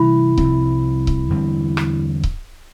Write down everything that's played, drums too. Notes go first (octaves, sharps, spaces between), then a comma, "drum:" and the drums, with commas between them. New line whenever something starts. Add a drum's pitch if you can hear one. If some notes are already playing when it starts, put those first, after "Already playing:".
Already playing: C3 E3 G3 E4
C2 C3 F3 C4, drum: kick C#1
drum: kick C#1
E2 D3 G3 C4
drum: rim click
drum: kick C#1